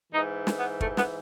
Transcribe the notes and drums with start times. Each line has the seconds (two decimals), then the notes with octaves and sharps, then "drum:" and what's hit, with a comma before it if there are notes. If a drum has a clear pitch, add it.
0.13 G#2 E3 D#4
0.47 drum: snare
0.58 B3
0.81 A3, drum: kick
0.97 B3, drum: snare